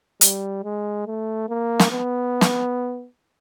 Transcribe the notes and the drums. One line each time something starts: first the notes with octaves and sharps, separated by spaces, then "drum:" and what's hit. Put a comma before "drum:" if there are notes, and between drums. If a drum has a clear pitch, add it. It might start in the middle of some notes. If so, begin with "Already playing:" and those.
G3, drum: hi-hat
G#3
A3
A#3
drum: snare
B3
drum: snare